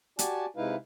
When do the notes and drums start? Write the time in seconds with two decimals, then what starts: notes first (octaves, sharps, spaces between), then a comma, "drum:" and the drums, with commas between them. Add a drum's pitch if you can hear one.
0.19 F#4 G4 D5 G#5 A5, drum: hi-hat
0.56 C3 G#3 D#4 E4 B4 F5